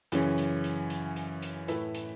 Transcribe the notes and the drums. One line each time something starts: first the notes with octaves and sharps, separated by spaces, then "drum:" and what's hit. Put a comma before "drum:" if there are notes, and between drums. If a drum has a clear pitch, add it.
F#2 C#3 E3 C#4, drum: hi-hat
drum: hi-hat
drum: hi-hat
drum: hi-hat
drum: hi-hat
drum: hi-hat
A2 A3 E4 B4, drum: hi-hat
drum: hi-hat